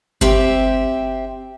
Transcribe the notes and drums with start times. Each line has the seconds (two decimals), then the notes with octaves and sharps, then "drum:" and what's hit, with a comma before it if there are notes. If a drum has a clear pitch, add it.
0.21 C4 G4 E5, drum: kick G1